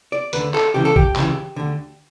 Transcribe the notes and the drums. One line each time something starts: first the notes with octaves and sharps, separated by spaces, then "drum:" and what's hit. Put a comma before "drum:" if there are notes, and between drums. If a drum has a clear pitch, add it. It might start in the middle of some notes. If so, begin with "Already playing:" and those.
D5
D2 D3 B4, drum: hi-hat
A4, drum: clap
C#2 C#3 E3 G4
A4
G4, drum: kick
C#2 C#3 E3, drum: clap
D2 D3